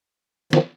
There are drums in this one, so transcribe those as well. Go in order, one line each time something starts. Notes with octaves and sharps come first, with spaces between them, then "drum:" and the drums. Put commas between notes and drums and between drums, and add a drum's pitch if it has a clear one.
D#3 F3, drum: snare